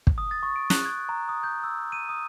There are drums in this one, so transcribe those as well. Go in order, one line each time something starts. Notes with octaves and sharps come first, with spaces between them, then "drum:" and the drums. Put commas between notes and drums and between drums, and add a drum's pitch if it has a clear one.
drum: kick
D#6
A6
C#6
D7
F#6, drum: snare
G#6
A#5
D#6
G6
E6
D#7
D#6